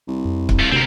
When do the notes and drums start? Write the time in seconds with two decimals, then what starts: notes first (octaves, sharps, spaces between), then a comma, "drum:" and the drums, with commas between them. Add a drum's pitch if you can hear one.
0.08 C2
0.25 F2
0.49 drum: kick C#1
0.60 A3 F4
0.72 D2 C3 C4 A#4